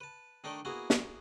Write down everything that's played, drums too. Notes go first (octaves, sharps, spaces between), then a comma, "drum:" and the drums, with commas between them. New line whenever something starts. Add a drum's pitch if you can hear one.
B4 A5
D#3 A3 D4 D#4 A4 D5
A#3 B3 E4 F#4 G#4
drum: snare